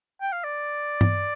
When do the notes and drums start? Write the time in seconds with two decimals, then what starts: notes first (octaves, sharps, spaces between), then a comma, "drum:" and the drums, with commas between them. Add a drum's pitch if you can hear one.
0.21 G5
0.33 F5
0.44 D5
1.01 drum: tom G2